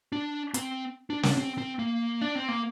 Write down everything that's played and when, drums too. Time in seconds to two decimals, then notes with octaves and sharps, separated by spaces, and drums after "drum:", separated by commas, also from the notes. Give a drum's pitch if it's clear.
0.12 D4
0.54 C4, drum: hi-hat
1.10 D4
1.23 D4, drum: snare
1.37 C4
1.58 C4
1.79 A#3
2.21 D4
2.35 C4
2.48 A#3